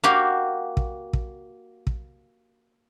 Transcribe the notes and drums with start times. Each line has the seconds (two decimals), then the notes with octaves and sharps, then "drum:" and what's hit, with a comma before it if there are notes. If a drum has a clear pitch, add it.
0.04 A#3 F#4 G4 F5
0.77 drum: kick
1.13 drum: kick
1.87 drum: kick